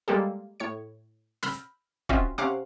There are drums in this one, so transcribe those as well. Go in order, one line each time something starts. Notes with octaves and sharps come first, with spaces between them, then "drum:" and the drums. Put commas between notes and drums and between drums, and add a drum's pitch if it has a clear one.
G3 G#3 A#3 G4 A4
A2 C#5 C#7
B5 E6 F6 G6 A#6, drum: snare
C4 C#4 F4 F#4 D#5 E5, drum: kick
C3 C#4 F5 F#5 D6